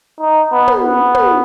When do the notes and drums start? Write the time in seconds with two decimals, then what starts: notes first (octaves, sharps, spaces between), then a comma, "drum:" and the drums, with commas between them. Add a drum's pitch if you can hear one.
0.20 D#4
0.52 B3
0.68 drum: tom
0.83 B3
1.15 drum: tom